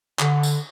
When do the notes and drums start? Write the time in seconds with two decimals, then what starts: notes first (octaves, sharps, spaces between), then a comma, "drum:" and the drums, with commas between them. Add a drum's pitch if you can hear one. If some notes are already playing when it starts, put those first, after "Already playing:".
0.19 D3, drum: clap
0.43 drum: tambourine